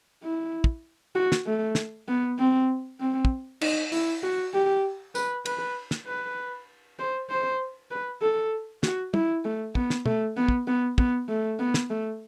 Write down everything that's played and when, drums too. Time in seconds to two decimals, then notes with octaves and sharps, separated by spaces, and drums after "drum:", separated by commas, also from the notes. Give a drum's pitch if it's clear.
0.24 E4
0.64 drum: kick
1.15 F#4
1.32 drum: snare
1.46 A3
1.75 drum: snare
2.08 B3
2.39 C4
3.00 C4
3.25 drum: kick
3.61 D#4, drum: cymbal
3.92 E4, drum: open hi-hat
4.23 F#4
4.54 G4
5.15 B4, drum: tambourine
5.46 B4, drum: cymbal
5.91 drum: snare
6.06 B4
6.99 C5
7.30 C5
7.91 B4
8.22 A4
8.83 F#4, drum: snare
9.14 E4, drum: tom
9.45 A3
9.75 B3, drum: kick
9.90 drum: snare
10.06 A3, drum: tom
10.37 B3
10.48 drum: kick
10.67 B3
10.98 B3, drum: kick
11.29 A3
11.59 B3
11.74 drum: snare
11.90 A3